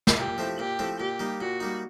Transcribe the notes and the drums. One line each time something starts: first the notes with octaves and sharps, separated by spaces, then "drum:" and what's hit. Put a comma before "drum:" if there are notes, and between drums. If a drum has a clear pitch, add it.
drum: snare
A#2 G4
F3 A3 C4 E4
A#2 G4
F3 A3 C4 E4
A#2 G4
G3 A#3 D#4
A#2 F#4
G3 A#3 D#4